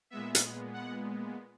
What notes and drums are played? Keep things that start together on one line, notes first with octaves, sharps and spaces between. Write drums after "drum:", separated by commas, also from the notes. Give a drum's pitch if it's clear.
A#2 G#3 B3 E5
drum: hi-hat
F#5